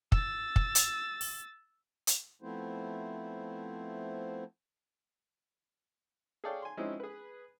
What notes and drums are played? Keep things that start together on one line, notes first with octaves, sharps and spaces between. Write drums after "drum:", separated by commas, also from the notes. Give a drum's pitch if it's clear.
E6 A6, drum: kick
drum: kick
drum: hi-hat
drum: open hi-hat
drum: hi-hat
F3 A3 B3 C4 E4 C5
G#4 A4 C#5 D5 F5 G5
G#5 C6
F3 G#3 C4 C#4 D#4 E4
G#4 B4